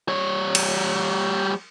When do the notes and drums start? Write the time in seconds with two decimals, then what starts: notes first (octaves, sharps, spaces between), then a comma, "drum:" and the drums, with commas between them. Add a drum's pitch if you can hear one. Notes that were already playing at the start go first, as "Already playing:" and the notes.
0.08 G3 C#5
0.55 drum: cymbal